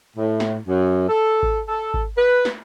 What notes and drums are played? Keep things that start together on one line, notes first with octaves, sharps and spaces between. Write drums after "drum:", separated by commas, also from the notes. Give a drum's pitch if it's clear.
A2
drum: snare
F#2
A4
drum: kick G#1
A4
drum: kick G#1
B4
drum: snare